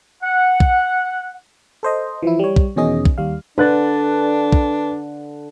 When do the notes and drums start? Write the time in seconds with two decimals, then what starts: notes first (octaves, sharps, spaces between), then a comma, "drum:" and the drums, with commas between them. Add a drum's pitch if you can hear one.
0.23 F#5
0.60 drum: kick
1.83 A4 C5 D#5
2.23 E3 F3 E4
2.39 G3 C#5
2.56 drum: kick
2.76 E2 B2 D#3 C#4 G#4 D#5
3.05 drum: kick
3.18 D#2 G3 F5
3.58 D3 D4 B4 F#6 A6
4.53 drum: kick